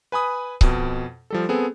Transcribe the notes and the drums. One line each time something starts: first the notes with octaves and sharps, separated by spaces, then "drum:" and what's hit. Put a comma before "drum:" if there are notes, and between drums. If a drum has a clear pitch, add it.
B4 G#5 B5 D#6
F2 B2, drum: kick C#1
F3 G3 A4
B3 C4 G#4 A4